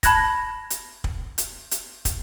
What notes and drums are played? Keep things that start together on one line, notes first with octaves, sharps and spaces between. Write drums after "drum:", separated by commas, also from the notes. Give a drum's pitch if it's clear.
A5 B5 F#6 G#6 A#6, drum: kick, hi-hat
drum: hi-hat
drum: kick
drum: hi-hat
drum: hi-hat
drum: kick, hi-hat